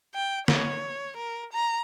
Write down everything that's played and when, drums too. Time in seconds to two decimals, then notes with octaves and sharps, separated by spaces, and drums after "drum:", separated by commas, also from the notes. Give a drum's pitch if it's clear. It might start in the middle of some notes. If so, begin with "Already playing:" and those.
0.14 G5
0.48 C#5, drum: snare
1.17 A#4
1.53 A#5